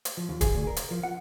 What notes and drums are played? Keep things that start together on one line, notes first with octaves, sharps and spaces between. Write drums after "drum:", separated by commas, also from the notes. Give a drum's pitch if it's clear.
drum: hi-hat
F3
D#2
G#4, drum: kick D1, hi-hat
D2
A#4
drum: hi-hat
F3
F#5